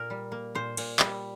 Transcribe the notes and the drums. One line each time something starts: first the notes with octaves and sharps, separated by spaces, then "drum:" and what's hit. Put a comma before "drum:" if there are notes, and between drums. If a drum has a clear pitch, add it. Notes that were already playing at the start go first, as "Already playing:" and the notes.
Already playing: A#2 A#4
G3
A#3
A#2 C5
A#2, drum: cymbal
G3, drum: clap